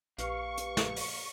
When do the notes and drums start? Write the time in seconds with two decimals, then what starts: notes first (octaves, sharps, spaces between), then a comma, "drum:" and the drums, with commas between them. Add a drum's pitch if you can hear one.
0.18 A#1 A#3 G4 B4 F5 C#6, drum: hi-hat
0.57 drum: hi-hat
0.77 drum: snare
0.97 drum: open hi-hat